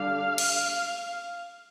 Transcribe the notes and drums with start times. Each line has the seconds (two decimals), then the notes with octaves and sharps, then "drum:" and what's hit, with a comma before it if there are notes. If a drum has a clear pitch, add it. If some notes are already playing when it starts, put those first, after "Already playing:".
Already playing: D3 G3 D4 F5
0.38 drum: cymbal